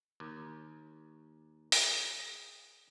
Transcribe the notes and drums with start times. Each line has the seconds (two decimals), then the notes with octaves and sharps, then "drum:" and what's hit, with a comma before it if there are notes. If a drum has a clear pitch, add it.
0.20 D#2
1.72 G#4, drum: open hi-hat